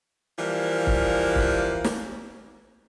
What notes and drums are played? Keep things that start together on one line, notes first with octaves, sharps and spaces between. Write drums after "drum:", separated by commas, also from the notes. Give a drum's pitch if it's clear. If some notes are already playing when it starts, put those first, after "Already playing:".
E3 F3 G3 A#3
drum: kick
drum: kick
drum: snare